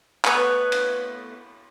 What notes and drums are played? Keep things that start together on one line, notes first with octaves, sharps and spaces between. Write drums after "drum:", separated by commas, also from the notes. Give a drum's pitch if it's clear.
A3 B3 B4 C#5, drum: clap
drum: cymbal